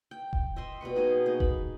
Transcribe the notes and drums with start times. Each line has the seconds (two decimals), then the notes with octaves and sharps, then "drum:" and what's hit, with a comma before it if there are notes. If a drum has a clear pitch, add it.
0.11 G5
0.33 drum: kick E1
0.56 D#5 E5 G5 C6
0.81 B2 G3 B4 C#6
0.96 D#4 F#4 G#4 D#5
1.26 A#3 D#4
1.40 B5, drum: kick E1